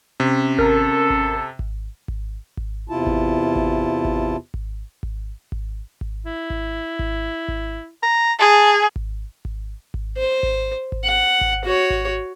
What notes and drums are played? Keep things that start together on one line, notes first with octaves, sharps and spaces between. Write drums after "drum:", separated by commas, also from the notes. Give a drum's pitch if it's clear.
C3 C#4
A4 A#4, drum: kick G#1
drum: kick G#1
drum: kick G#1
drum: kick G#1
drum: kick G#1
E2 C3 E4 F4 A5
drum: kick G#1
drum: kick G#1
drum: kick G#1
drum: kick G#1
drum: kick G#1
drum: kick G#1
drum: kick G#1
E4
drum: kick G#1
drum: kick G#1
drum: kick G#1
A#5
G#4 A5
drum: kick G#1
drum: kick G#1
drum: kick G#1
C5
drum: kick G#1
drum: kick G#1
F#5
drum: kick G#1
F#4 C#5
drum: kick G#1